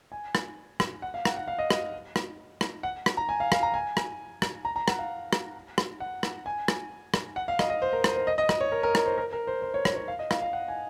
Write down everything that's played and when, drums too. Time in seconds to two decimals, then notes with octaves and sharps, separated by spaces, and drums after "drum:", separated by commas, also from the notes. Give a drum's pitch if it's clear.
0.12 G#5
0.35 drum: rim click
0.80 drum: rim click
1.02 F#5
1.14 F5
1.25 F#5, drum: rim click
1.37 F#5
1.48 F5
1.59 D#5
1.70 D#5, drum: rim click
2.16 drum: rim click
2.61 drum: rim click
2.83 F#5
3.06 drum: rim click
3.17 A#5
3.29 G#5
3.40 F5
3.52 F5, drum: rim click
3.63 A#5
3.74 G#5
3.97 drum: rim click
4.42 drum: rim click
4.65 A#5
4.76 A#5
4.88 F#5, drum: rim click
4.99 F5
5.33 drum: rim click
5.78 drum: rim click
6.00 F#5
6.23 drum: rim click
6.46 G#5
6.68 drum: rim click
7.14 drum: rim click
7.36 F#5
7.48 F5
7.59 D#5, drum: rim click
7.70 D#5
7.82 C5
7.93 A#4
8.04 C5, drum: rim click
8.16 C5
8.27 D#5
8.38 D#5
8.49 D#5, drum: rim click
8.61 C#5
8.72 A#4
8.83 A#4
8.95 A#4, drum: rim click
9.06 C5
9.18 A#4
9.33 A#4
9.47 C5
9.62 C5
9.74 C#5
9.85 C#5, drum: rim click
9.96 C#5
10.08 F5
10.19 D#5
10.31 F5, drum: rim click
10.42 F5
10.53 F#5
10.68 G#5